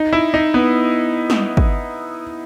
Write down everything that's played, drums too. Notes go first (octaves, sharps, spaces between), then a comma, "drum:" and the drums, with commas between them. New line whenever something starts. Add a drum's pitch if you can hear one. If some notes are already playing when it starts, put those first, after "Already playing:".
Already playing: D#4
E4
D#4
B3
drum: snare
drum: kick